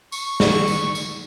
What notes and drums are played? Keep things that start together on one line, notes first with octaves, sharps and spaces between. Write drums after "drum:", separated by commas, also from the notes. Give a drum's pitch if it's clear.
C#6, drum: tambourine
drum: snare
drum: tambourine
drum: tambourine